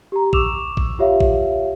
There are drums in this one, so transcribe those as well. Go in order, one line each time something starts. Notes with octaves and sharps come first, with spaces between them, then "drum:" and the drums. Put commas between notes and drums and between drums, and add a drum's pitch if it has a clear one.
G4 A#5
C#6 D6 E6 E7 F7, drum: kick
drum: kick
F4 G4 C#5 E5 F5
drum: kick